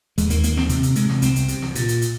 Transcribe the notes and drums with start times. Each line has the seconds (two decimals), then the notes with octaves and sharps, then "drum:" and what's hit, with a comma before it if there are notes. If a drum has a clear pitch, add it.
0.18 D#2 G#3, drum: hi-hat
0.30 A#3, drum: hi-hat
0.43 D#2 A#3, drum: hi-hat
0.57 C4, drum: snare
0.69 C3, drum: hi-hat
0.83 drum: hi-hat
0.96 C3 G#3, drum: hi-hat
1.09 drum: snare
1.22 C2 C4, drum: hi-hat
1.36 drum: hi-hat
1.48 C3, drum: hi-hat
1.62 drum: snare
1.75 A#2, drum: hi-hat
1.88 drum: hi-hat
2.02 drum: hi-hat